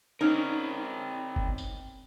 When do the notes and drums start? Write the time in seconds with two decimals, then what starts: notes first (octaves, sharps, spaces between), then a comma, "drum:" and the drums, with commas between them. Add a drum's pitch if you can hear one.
0.21 C4 C#4 D#4 A#4
1.36 drum: kick F#1
1.58 drum: tambourine